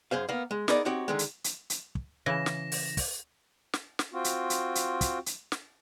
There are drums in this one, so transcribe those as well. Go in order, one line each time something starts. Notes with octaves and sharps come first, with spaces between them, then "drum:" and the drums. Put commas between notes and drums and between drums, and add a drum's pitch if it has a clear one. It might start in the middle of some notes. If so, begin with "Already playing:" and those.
F#2 G#4 C5 F5
A#3 B3 F5
G#3
B3 D#4 G#4 A#4 D5, drum: snare
C4 D#4 F#4 G4 C#5
D3 D#3 G#3
drum: hi-hat
drum: hi-hat
drum: hi-hat
drum: kick
C#3 E3 A#6 E7
drum: snare
drum: open hi-hat
drum: kick, open hi-hat
drum: snare
drum: snare
C4 F4 F#4
drum: hi-hat
drum: hi-hat
drum: hi-hat
drum: kick, hi-hat
drum: hi-hat
drum: snare